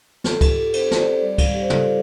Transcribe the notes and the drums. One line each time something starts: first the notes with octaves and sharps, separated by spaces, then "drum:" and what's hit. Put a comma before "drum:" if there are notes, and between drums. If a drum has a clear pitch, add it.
F4 A4, drum: snare
A4
G4, drum: kick C2, cymbal
F4
A4
C4 C5, drum: cymbal
C5, drum: snare
C4 D5
G3 D5
F5, drum: kick C2, cymbal
G3
G4
C5
F4 A4, drum: tom